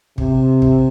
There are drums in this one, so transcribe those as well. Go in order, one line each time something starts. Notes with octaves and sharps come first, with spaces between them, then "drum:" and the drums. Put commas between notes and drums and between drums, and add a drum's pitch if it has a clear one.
C3, drum: kick G#1
drum: kick G#1